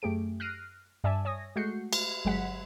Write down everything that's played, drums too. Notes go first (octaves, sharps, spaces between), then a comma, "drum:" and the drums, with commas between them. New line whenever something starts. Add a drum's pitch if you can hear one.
F#2 A3 G4 G#4 D7
F6 F#6 A#6 C7 D7 D#7
G2 D5 E5 G#5 A5
C#5 G#5 D#6 A#6
G#3 A3 F#4 G6 C7 C#7
drum: cymbal
G1 F#3 G#3 F#5 B6